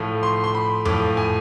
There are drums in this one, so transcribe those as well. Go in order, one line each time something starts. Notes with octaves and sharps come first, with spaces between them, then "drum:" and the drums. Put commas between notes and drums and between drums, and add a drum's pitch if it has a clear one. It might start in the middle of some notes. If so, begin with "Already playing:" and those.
Already playing: A2 F3
C6
C6
B5
A2 F3 D6, drum: tom F2
G#5